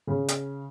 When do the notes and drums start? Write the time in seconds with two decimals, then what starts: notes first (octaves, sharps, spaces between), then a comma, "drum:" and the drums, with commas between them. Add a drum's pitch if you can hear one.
0.07 C#3
0.28 drum: hi-hat